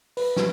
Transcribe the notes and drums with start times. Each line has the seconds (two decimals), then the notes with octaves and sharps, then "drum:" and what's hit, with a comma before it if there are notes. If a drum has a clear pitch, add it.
0.17 B4, drum: open hi-hat
0.36 drum: snare